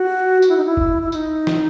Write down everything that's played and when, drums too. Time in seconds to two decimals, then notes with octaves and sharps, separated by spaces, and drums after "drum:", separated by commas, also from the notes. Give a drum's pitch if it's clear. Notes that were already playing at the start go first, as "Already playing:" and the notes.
Already playing: F#4
0.42 F#4, drum: tambourine
0.49 E4
0.57 D#4
0.65 E4
0.77 drum: kick
1.02 E4
1.12 D#4, drum: tambourine
1.47 drum: snare